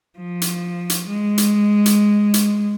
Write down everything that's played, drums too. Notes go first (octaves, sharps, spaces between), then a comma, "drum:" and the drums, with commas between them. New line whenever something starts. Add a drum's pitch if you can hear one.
F3
drum: hi-hat
drum: hi-hat
G#3
drum: hi-hat
drum: hi-hat
drum: hi-hat